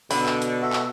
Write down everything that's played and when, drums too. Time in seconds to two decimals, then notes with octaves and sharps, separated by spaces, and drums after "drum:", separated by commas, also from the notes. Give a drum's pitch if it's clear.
0.11 B2 D3 B5, drum: open hi-hat
0.26 drum: clap
0.42 drum: hi-hat
0.62 F#4 A4 E5
0.73 drum: clap